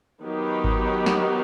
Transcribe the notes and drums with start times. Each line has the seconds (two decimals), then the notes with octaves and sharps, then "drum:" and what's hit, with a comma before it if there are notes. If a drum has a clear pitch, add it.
0.23 D#3 F#3 B3 D#4 G4
0.64 drum: kick G#1
1.06 drum: snare